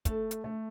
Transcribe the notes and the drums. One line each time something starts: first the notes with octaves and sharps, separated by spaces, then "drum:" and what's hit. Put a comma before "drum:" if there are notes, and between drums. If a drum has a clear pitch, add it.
A3 A4, drum: kick, hi-hat
drum: hi-hat
A3